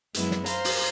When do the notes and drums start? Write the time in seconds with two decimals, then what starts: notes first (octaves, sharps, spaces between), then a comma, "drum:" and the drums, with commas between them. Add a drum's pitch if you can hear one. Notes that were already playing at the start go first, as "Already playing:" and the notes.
0.14 F#2 F#3 G#3 B3 E4, drum: hi-hat
0.31 drum: snare
0.46 C5 F5 A#5 C6, drum: hi-hat
0.64 drum: open hi-hat